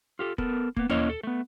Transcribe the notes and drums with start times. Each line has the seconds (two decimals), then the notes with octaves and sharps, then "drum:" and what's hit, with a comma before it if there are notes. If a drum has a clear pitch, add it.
0.19 F4 G4 A4
0.38 B3 A4 A#4, drum: kick
0.76 A#3 B3, drum: kick
0.89 A#3 C#4 E4 C#5 D#5, drum: tom D#2
1.09 A4
1.23 A3 B3